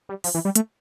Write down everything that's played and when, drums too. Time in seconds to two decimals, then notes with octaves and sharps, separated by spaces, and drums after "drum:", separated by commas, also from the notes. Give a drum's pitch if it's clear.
0.09 G3
0.24 F3, drum: open hi-hat
0.34 E3
0.45 G3
0.55 A3, drum: hi-hat